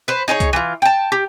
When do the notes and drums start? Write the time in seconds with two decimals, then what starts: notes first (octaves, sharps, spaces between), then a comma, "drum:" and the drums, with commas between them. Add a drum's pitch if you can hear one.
0.08 B4 C5
0.28 D#4 G#4 B4 C#5
0.40 drum: kick C2, hi-hat
0.53 E3 F4
0.82 G5 A5
1.12 G4